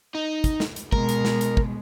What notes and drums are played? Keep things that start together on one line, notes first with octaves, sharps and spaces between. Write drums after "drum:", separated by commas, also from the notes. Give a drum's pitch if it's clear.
D#4
drum: kick, hi-hat
drum: snare
drum: hi-hat
B2 G#3 A#4, drum: kick
drum: hi-hat
drum: snare
drum: hi-hat
drum: kick